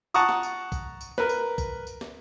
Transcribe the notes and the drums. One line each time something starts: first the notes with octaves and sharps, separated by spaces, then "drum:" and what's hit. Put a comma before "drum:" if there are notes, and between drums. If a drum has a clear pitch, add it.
F#5 A5 A#5 C#6 D#6, drum: tambourine
drum: snare
drum: tambourine
drum: kick, tambourine
drum: tambourine
A#4 B4, drum: snare
drum: tambourine
drum: kick, tambourine
drum: tambourine
drum: snare